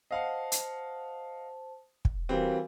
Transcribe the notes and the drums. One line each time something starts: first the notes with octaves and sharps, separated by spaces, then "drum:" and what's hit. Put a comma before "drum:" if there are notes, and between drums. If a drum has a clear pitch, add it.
C5 D#5 F5 F#5 A5
drum: hi-hat
drum: kick
E3 G3 C4 F#4 A#4 F5